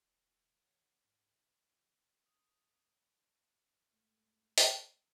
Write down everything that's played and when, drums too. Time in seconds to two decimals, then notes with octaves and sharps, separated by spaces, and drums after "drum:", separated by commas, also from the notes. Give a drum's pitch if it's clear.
0.02 E1
0.63 D#3 C#5 E5 F#5
1.04 G#2
1.33 E5
2.26 D#6
3.90 G#2 A3 E4
4.58 drum: open hi-hat